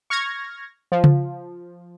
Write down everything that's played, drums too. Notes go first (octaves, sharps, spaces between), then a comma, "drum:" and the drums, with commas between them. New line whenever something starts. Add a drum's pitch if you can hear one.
C#6 F6 G#6 A#6
F3
drum: tom C#3